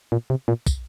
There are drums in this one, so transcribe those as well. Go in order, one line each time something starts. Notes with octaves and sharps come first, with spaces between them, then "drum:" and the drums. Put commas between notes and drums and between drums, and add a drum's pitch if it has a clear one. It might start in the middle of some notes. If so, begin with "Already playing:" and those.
A#2
C3
A#2
drum: kick, tambourine